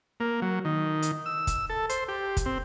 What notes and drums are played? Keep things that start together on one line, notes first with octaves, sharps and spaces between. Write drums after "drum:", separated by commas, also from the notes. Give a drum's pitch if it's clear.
A#3
F#3
D#3
drum: hi-hat
E6
drum: kick, hi-hat
A4
C5, drum: hi-hat
G4
drum: kick, hi-hat
C4